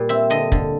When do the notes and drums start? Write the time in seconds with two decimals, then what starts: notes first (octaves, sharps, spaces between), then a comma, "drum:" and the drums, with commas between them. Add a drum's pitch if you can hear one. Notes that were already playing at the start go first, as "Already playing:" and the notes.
Already playing: A#2 G3
0.09 C4 E5
0.30 D3 D#5
0.52 D3, drum: kick